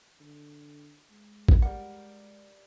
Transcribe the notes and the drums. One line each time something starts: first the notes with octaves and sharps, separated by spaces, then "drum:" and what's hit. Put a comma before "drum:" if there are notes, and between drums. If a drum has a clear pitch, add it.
D3
G#3
drum: kick A1
G3 A#4 F#5